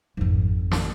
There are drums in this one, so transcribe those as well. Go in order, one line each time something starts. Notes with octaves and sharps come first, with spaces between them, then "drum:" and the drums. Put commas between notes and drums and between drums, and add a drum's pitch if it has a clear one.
G#1 F2
drum: snare